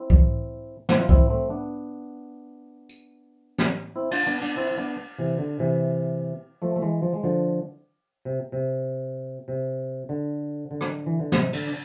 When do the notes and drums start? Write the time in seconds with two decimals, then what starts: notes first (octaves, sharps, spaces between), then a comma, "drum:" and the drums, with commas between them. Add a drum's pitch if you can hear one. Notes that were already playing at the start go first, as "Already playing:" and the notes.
Already playing: C4 E4
0.10 drum: kick C2
0.89 C4 E4, drum: snare
1.00 F4
1.09 C4 E4, drum: kick C2
1.30 A3 C4
1.50 B3 D4
2.89 drum: tambourine
3.58 drum: snare
3.96 C4 E4
4.11 D4 F4, drum: cymbal
4.26 B3 D4
4.41 B3 D4, drum: cymbal
4.57 C4 E4
4.71 E4
4.77 B3 D4
5.19 C3 E3
5.39 D3
5.59 C3 E3
6.62 F3 A3
6.76 A3
6.82 E3 G#3
7.02 F3
7.13 G#3
7.23 D3 F3
8.25 C3
8.52 C3
9.48 C3
10.09 D3
10.71 D3
10.81 drum: rim click
11.06 E3
11.20 D3
11.32 C3, drum: snare
11.53 D3, drum: cymbal
11.67 D4